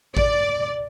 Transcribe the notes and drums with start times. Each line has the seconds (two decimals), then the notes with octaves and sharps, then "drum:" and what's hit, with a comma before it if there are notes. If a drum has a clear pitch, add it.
0.17 D5, drum: kick A1